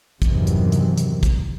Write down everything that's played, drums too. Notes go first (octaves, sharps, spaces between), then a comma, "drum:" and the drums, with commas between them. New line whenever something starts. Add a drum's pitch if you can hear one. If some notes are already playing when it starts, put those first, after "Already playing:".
E2 G2 C3 D#3 E3 F#3, drum: kick, hi-hat
drum: hi-hat
drum: hi-hat
drum: hi-hat
drum: kick, hi-hat